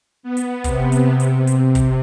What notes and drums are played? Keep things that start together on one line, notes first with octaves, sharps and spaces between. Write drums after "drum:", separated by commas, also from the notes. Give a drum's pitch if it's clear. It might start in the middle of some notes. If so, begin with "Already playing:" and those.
B3
drum: hi-hat
C3, drum: kick, hi-hat
drum: hi-hat
C3
drum: hi-hat
drum: hi-hat
drum: kick, hi-hat